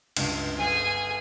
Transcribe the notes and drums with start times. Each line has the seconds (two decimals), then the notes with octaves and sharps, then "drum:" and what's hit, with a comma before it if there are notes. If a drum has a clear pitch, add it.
0.17 C#2 G2, drum: cymbal
0.58 G1 G#4 G#5